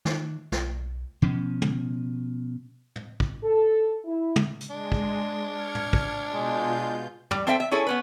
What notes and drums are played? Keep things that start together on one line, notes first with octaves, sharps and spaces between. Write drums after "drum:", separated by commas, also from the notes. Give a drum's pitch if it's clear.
D#3, drum: snare
B1, drum: snare
B2 F3 C#4
drum: tom
drum: tom
drum: kick
A4
E4
drum: tom
drum: hi-hat
G#3 D4
drum: kick
F6 G#6 C#7
drum: tom
drum: kick
B2 G#3 F4 G6
G3, drum: tom
C4 A4 C5 E5 F5 G5
E5
C#4 E4 G#4 A4 C#5
B3 C#4 B4